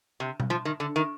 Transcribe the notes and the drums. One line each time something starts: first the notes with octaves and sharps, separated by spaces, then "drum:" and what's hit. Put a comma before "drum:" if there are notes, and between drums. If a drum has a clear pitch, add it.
C3
drum: tom B2
F3
D#3
D3
D#3